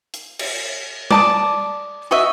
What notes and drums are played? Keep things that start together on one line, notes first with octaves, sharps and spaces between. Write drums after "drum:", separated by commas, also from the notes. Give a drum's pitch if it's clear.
drum: hi-hat
drum: cymbal
D5 A5 D#6, drum: tom G3
F#4 D#5 E5